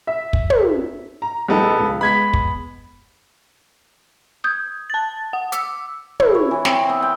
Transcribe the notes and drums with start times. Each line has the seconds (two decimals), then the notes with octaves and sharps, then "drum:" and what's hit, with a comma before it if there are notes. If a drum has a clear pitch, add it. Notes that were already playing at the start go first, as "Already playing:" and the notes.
0.07 E5
0.33 drum: kick
0.50 drum: tom
1.22 A#5
1.48 A#1 G3 B3 D#4 A4
1.80 C#2
2.01 G#3 B3 B5 G#6 B6
2.34 drum: kick
4.44 D#6 G6 G#6
4.90 A5 A6
5.33 F#5
5.52 D6 E6, drum: hi-hat
6.20 E4, drum: tom
6.35 C#5
6.51 E3
6.65 C4, drum: snare
6.89 B3
7.02 G5